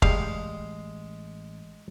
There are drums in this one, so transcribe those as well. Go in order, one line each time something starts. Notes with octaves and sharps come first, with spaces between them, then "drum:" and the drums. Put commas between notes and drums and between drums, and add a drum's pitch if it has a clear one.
A1 G3 G#3 F5, drum: kick